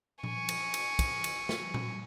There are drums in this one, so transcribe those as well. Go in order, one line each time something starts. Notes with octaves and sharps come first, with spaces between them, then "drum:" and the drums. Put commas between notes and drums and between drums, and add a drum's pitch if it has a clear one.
G#5 C#6, drum: tom A#2
drum: cymbal
drum: cymbal
drum: kick, cymbal
drum: cymbal
drum: snare
drum: tom A#2